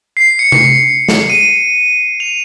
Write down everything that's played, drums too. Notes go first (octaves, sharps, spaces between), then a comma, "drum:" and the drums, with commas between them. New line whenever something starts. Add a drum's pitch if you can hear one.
C7
C#7
drum: tom C3
drum: snare
D#7
F7